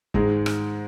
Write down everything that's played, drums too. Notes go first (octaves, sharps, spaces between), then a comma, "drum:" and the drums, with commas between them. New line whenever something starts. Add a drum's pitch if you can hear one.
G#2 D#3 G#3, drum: kick
drum: rim click